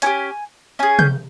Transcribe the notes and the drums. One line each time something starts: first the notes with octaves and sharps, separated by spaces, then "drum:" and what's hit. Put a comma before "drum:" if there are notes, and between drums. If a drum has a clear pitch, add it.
C#4 E4 G4 G#5, drum: hi-hat
C#4 G#4 G#5
G6, drum: tom C3